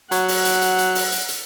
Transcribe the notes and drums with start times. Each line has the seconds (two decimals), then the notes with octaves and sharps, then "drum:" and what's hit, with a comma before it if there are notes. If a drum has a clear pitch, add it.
0.12 F#3 F#5, drum: hi-hat
0.28 drum: open hi-hat
0.45 drum: hi-hat
0.62 drum: hi-hat
0.78 drum: hi-hat
0.95 drum: open hi-hat
1.12 drum: hi-hat
1.29 drum: hi-hat